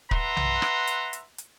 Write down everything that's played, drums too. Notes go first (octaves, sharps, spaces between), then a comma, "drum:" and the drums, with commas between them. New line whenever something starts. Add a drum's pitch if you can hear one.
B4 E5 F#5 A#5 C6, drum: kick
drum: tom B1
drum: rim click
drum: hi-hat
drum: hi-hat
drum: hi-hat